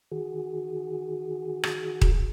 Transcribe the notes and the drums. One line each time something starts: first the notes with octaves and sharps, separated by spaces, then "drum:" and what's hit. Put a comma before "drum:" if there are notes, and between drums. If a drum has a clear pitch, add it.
D#3 F#4 G#4
drum: rim click
drum: kick D#1